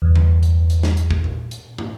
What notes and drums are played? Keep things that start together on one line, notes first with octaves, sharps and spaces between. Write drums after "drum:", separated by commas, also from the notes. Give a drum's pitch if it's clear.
E2 G2
drum: tom E2
drum: hi-hat
drum: hi-hat
drum: snare
drum: hi-hat
drum: kick
drum: tom A#2
drum: hi-hat
drum: tom